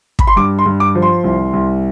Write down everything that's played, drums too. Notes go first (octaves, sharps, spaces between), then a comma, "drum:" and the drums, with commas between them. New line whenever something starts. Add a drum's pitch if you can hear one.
B5, drum: kick
C6
G2 D6
C6
G2
D6
F3
C6
C2
C2